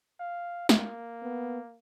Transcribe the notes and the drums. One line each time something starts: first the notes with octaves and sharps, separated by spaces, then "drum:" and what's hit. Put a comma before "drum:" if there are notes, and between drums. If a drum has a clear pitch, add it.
F5
A#3, drum: snare
B3